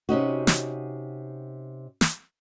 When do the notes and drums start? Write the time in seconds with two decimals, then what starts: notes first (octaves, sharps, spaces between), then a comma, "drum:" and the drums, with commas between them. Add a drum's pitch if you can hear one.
0.09 C3 C#4 D#4 F#4
0.47 drum: snare
2.01 drum: snare